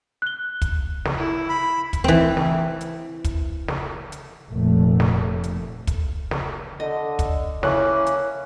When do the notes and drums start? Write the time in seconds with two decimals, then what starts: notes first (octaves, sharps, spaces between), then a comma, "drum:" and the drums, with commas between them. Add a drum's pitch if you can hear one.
0.22 F#6 G7
0.62 drum: kick, hi-hat
1.05 drum: snare
1.17 E4
1.49 B5
1.93 drum: kick, hi-hat
2.04 E3 C4
2.37 drum: snare
2.81 drum: hi-hat
3.24 drum: kick, hi-hat
3.68 drum: snare
4.12 drum: hi-hat
4.47 F1 A#2 A3
5.00 drum: snare
5.44 drum: hi-hat
5.87 drum: kick, hi-hat
6.31 drum: snare
6.80 D3 D#5
7.19 drum: kick, hi-hat
7.63 A#3 C#4 E4 C#5 F#6, drum: snare
8.06 drum: hi-hat